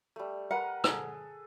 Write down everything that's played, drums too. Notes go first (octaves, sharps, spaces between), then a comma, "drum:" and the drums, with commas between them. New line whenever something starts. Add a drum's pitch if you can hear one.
G3 A3
A#4 B4 F#5
G#4 A4, drum: rim click